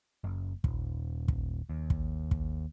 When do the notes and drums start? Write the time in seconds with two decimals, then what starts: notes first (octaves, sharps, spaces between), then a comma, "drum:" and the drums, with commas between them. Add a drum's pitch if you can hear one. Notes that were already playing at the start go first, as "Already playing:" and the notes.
0.24 F#1
0.64 D#1, drum: kick
1.28 drum: kick
1.70 D#2
1.90 drum: kick
2.31 drum: kick